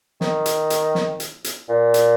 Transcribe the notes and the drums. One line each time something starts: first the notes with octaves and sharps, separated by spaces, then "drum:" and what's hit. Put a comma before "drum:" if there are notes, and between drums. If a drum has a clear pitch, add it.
D#3, drum: snare
drum: hi-hat
drum: hi-hat
drum: snare
drum: hi-hat
drum: hi-hat
A#2
drum: hi-hat